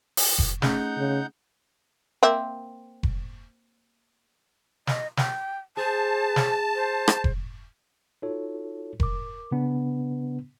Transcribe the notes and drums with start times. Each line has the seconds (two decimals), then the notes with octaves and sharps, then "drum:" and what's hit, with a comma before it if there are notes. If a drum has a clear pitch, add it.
0.17 drum: open hi-hat
0.39 drum: kick F1
0.62 A3 C#4 D#4 G#4 F#5 G6, drum: snare
0.98 C#3
2.23 A#3 C4 E5
3.03 drum: kick F1
4.87 D#5, drum: snare
5.17 G5, drum: snare
5.77 G#4 C5 A5
6.36 drum: snare
6.75 C5
7.08 drum: rim click
7.24 drum: kick F1
8.22 D#4 F4 F#4 A4 C#5
9.00 A#4 D6, drum: kick F1
9.51 C#3 B3 D4